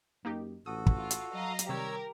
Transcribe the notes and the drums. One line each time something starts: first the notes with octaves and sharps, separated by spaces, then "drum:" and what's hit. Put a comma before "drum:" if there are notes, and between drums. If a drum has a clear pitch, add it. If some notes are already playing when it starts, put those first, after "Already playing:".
F#2 A#3 D#4 G4
A1 F#4 A4 D#6
drum: kick
F4
drum: hi-hat
F#3 D#5 F5 A#5
drum: hi-hat
C3 D#3 G3 G4 A#4 C#5 E6